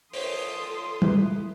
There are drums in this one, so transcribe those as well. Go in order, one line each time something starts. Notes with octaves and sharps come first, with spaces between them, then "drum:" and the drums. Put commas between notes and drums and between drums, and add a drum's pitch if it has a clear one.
F4 A4 C5 C#5 C6 D#6, drum: open hi-hat
G#3 E4 B4, drum: tom